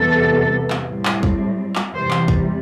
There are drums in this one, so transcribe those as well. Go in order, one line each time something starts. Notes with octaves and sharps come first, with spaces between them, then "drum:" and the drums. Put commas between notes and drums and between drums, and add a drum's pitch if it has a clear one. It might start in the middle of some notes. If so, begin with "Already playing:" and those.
Already playing: E2 C3 G3 B3 A4
drum: clap
A2 G3 C4
drum: clap
drum: kick
drum: clap
E2 C3 G3 C5
drum: clap
drum: kick